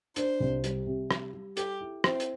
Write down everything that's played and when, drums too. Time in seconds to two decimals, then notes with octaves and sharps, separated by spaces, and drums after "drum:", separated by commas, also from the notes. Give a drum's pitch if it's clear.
0.16 D4 C5, drum: hi-hat
0.40 C2
0.64 G3, drum: hi-hat
0.87 C3
1.11 G3, drum: rim click
1.33 G3
1.57 G4 A4, drum: hi-hat
1.81 E4
2.04 C4 E4, drum: rim click
2.20 drum: hi-hat